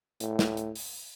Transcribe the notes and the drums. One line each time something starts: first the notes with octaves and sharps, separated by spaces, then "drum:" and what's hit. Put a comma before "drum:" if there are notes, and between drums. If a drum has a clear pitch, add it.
A2, drum: hi-hat
drum: snare
drum: hi-hat
drum: open hi-hat